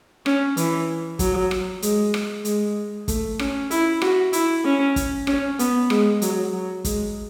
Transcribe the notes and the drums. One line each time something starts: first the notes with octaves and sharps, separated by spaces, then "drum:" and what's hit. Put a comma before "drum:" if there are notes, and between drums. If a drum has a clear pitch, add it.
C#4, drum: rim click
E3, drum: hi-hat
F#3, drum: kick, hi-hat
drum: rim click
G#3, drum: hi-hat
drum: rim click
G#3, drum: hi-hat
A3, drum: kick, hi-hat
C#4, drum: rim click
E4, drum: hi-hat
F#4, drum: rim click
E4, drum: hi-hat
C#4
drum: kick, hi-hat
C#4, drum: rim click
B3, drum: hi-hat
G#3, drum: rim click
F#3, drum: hi-hat
F#3
G#3, drum: kick, hi-hat